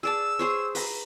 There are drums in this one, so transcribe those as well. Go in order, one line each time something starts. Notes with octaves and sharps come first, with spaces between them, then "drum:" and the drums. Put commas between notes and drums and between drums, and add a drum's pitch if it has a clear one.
G#4 D5 A5 E6
G#4 C5 C#5
B4 A#5, drum: open hi-hat